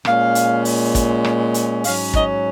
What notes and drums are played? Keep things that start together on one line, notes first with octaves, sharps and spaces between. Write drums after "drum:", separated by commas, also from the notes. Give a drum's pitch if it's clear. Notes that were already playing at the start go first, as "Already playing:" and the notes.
A#2 G#3 C#4 F5, drum: rim click
drum: hi-hat
drum: open hi-hat
drum: kick, hi-hat
drum: rim click
drum: hi-hat
G#2 F#3 C#4 F5, drum: open hi-hat
D#5, drum: kick